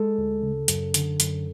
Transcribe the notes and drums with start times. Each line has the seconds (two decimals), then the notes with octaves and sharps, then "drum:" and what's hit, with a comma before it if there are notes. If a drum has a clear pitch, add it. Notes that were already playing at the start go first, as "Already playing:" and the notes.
Already playing: G#3 A4
0.18 D2
0.43 C#3
0.68 F#2, drum: hi-hat
0.94 D3, drum: hi-hat
1.20 F#2, drum: hi-hat